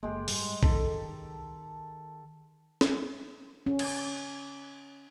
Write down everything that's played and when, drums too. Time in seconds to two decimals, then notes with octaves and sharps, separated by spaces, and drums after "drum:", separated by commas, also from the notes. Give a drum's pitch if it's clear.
0.03 F#1 D#2 G#3 A#3 G4
0.28 G#2 G3, drum: open hi-hat
0.63 D#3 A4, drum: kick
2.81 drum: snare
3.66 C#4
3.79 drum: cymbal